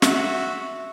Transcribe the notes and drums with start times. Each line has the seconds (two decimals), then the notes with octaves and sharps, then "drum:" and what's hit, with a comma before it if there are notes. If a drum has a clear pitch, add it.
0.02 F#4 E5, drum: snare